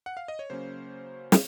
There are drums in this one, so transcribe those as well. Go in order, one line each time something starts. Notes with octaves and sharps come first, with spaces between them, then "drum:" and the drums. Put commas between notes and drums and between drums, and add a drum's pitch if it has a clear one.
F#5
F5
D#5
C#5
C#3 F#3 A#3 C#4 C5
drum: snare